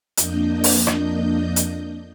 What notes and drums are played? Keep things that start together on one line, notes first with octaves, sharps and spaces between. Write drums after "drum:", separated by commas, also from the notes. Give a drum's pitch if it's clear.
F2 A#3 D4 D#5 G6, drum: hi-hat
drum: open hi-hat
drum: rim click
drum: hi-hat